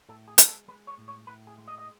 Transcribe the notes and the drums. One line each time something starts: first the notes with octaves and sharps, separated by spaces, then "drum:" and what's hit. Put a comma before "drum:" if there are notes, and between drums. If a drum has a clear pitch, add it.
A2 A4
G#4
G#3, drum: hi-hat
A4
G#3 B4
C#5
A2
C#5
A2 B4
G#4
G#3
D#5
D#5